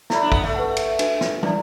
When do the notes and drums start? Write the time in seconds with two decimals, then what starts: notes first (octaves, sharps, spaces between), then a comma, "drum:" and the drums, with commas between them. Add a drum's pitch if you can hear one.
0.10 A3 E4 D5 B5, drum: snare
0.22 D4
0.32 B3, drum: kick
0.44 A3
0.54 B4 F#5 A5
0.77 drum: cymbal
0.99 D4 F#4 B4, drum: cymbal
1.21 drum: snare
1.43 E3 E4 D5 A5, drum: tom